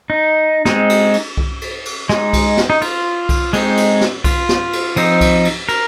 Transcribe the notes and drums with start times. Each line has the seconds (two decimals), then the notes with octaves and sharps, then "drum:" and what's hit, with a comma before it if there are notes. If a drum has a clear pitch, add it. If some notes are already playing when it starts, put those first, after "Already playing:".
0.10 D#4
0.65 G#3 C4 D#4, drum: snare
0.90 drum: cymbal
1.14 drum: cymbal
1.37 drum: kick C2
1.61 drum: cymbal
1.85 drum: cymbal
2.09 G#3 D#4, drum: snare
2.33 drum: kick C2, cymbal
2.57 drum: snare
2.70 D#4
2.82 F4, drum: cymbal
3.29 drum: kick C2, cymbal
3.53 G#3 C4 D#4, drum: cymbal
3.77 drum: cymbal
4.01 drum: snare
4.24 F4, drum: kick C2, cymbal
4.49 drum: snare
4.73 drum: cymbal
4.96 F3 C4 D#4, drum: cymbal
5.21 drum: kick C2, cymbal
5.45 drum: cymbal
5.69 A#4, drum: cymbal